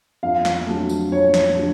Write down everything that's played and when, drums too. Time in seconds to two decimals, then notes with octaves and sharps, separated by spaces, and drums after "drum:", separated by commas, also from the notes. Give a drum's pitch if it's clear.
0.23 F2 F5
0.45 drum: snare
0.67 D3 F#3 A3
0.89 drum: tambourine
1.11 F2 C#5
1.34 drum: snare
1.57 D3 F#3 A3